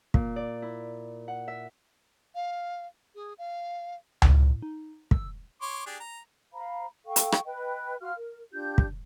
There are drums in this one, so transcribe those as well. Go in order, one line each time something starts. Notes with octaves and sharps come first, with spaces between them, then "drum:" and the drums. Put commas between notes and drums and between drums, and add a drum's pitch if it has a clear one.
A#2, drum: kick
D5
E4
F#5
E5
F5
G#4
F5
A2, drum: tom C#2
D#4
E6, drum: kick
C#5 C6 D6
D4 G4 G#4
A#5
C5 F5 A#5 B5
A4 F5 G5 C#6
drum: hi-hat
drum: rim click
B4 D#5 G5
F#4 F5 C6 F6
A#4
D4 F4 G4 G6
drum: kick